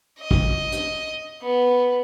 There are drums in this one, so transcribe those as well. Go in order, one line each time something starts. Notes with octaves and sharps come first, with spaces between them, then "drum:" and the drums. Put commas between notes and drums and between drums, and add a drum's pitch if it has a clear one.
D#5
drum: kick
drum: hi-hat
B3